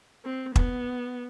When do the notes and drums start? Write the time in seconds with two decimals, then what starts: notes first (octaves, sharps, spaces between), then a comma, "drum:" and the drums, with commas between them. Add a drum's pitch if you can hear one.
0.25 C4
0.56 B3, drum: kick